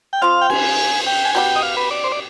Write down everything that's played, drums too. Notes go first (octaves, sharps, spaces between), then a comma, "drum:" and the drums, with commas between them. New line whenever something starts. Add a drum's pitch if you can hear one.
G5
F3 C4 F4 F5
G5
G#5, drum: cymbal
G5
G#5
B2 B3 D#4 G4 G5
D#5
F5
B4
D5
C5
D5